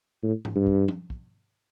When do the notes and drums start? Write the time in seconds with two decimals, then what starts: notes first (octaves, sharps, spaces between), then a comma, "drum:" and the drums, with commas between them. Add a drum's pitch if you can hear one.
0.23 A2
0.45 drum: tom G#2
0.56 G2
0.67 drum: kick
0.88 drum: tom
1.10 drum: kick